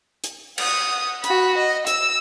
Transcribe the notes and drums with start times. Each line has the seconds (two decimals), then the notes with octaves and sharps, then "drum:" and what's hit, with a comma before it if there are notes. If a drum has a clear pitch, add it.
0.24 drum: hi-hat
0.58 F#5 D#6, drum: cymbal
1.24 F#4 B5, drum: hi-hat
1.57 D#5
1.87 E6, drum: hi-hat